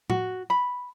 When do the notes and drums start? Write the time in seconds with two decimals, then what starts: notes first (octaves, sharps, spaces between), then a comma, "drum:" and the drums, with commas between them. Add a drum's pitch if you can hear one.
0.10 F#4, drum: tom A2
0.50 B5